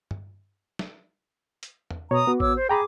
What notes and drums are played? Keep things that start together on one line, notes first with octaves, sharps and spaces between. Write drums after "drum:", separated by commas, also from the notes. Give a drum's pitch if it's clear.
drum: tom G2
drum: snare
drum: hi-hat
drum: tom
B2 C#5 A#5 D#6
B3 F#4
C#5 D6 E6, drum: kick A1
C5
G#4 G5 A#5 B5 D6